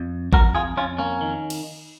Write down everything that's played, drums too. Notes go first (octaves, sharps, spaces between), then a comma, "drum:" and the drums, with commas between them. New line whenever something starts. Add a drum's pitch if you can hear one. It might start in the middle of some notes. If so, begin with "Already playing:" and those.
Already playing: F2
F2 F#4 A#4, drum: kick A1
F4 G#4
F2 C#4 F4
A#3 C#4
D#3
drum: cymbal